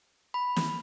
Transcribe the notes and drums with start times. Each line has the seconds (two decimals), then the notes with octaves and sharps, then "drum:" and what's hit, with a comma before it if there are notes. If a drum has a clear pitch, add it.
0.34 B5
0.56 drum: snare